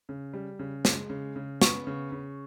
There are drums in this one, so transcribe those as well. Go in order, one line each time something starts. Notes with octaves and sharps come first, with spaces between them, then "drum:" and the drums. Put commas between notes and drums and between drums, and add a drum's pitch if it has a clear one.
C#3
G3
C#3
G#3, drum: snare
C#3
C#3
B3 C#6, drum: snare
C#3
C#3